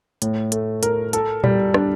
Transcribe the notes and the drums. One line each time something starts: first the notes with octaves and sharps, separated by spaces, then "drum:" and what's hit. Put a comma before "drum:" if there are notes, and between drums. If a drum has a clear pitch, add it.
A2, drum: hi-hat
A3, drum: hi-hat
A#4, drum: hi-hat
A4, drum: hi-hat
G3, drum: tom A#2
D4, drum: rim click